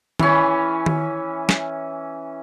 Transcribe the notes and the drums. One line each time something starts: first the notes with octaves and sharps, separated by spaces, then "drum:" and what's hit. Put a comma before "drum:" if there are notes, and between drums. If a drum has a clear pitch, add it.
E3 C#4, drum: tom D#3
drum: tom D#3
drum: snare